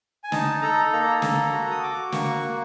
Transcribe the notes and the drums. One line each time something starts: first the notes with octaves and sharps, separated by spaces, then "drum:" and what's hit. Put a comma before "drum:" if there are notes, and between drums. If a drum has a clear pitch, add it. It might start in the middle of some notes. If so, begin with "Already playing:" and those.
G#5
D#4 A5, drum: snare
A4 A#5
A#3 A#5
A4 A#5, drum: snare
F#4 A#5
D#6
F#4 D6
A#3 C#6, drum: snare
A#3